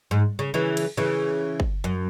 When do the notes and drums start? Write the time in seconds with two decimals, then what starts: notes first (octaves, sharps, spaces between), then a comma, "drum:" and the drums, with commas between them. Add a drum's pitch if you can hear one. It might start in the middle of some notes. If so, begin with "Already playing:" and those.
0.11 G#2
0.39 C#3
0.54 C#3 E3
0.77 drum: cymbal
0.97 C#3 E3
1.60 drum: kick
1.84 F#2